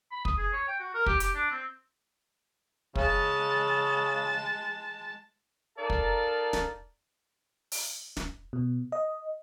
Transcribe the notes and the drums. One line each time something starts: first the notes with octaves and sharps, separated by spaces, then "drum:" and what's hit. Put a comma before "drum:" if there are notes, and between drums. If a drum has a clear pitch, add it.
B5
D#6, drum: kick
G#4
C#5
G5
F#4
A#4
G4, drum: kick
G4, drum: hi-hat
D4
C4
C#3 G#3 A5, drum: kick
D#4 A4 A#4 D5 F5 A5
drum: kick
drum: snare
drum: open hi-hat
drum: snare
B2
D#5